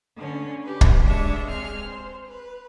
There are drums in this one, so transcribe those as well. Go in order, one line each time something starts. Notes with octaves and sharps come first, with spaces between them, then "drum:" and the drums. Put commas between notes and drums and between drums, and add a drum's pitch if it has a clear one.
D3 C#4
G4 B4
drum: kick
G#3 D4 C#5 E5
C4 G#4 F6
C5
B4